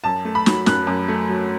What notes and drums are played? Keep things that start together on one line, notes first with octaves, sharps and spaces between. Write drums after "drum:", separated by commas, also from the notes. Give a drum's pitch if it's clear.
F#2 A5
A3
B5
F#3, drum: snare
F#2 F#6, drum: snare
F#2
A3
F#3